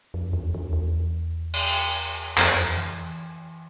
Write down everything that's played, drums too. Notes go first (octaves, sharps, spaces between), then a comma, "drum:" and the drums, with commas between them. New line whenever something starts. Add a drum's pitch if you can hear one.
F2
E2
E2
E2
drum: cymbal
F2, drum: clap
E2
F2
E3